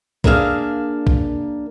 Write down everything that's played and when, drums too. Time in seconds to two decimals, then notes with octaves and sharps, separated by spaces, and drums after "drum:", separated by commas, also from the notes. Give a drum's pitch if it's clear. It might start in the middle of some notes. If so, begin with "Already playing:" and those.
0.24 A#3 D4 G#4 E5 F5, drum: kick
1.07 drum: kick